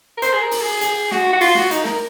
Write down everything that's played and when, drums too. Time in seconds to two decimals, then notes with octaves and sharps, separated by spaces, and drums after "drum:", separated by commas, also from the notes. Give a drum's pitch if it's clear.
0.17 A#4
0.22 C5, drum: hi-hat
0.33 G#4
0.42 A#4
0.51 drum: open hi-hat
0.61 G#4
0.81 G#4, drum: hi-hat
1.11 F#4, drum: snare
1.33 F#4
1.41 F4, drum: open hi-hat
1.55 F#4, drum: snare
1.71 D#4, drum: hi-hat
1.85 A#4, drum: snare